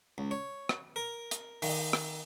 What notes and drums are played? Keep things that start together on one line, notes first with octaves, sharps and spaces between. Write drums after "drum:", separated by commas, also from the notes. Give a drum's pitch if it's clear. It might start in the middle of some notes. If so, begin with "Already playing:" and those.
C#2
C#5
drum: rim click
A#4
drum: hi-hat
D#3, drum: open hi-hat
drum: rim click